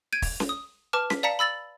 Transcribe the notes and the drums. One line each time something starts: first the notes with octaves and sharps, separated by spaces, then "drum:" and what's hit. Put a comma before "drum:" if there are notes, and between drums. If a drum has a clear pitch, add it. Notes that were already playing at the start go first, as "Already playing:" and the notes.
G6 G#6 D7 D#7
drum: kick, open hi-hat
drum: snare C#4
D#6
B4 A5 D6 F6
B6, drum: snare C#4
D5 F5 A5 A#5 B6 C#7
B5 E6 A6 F#7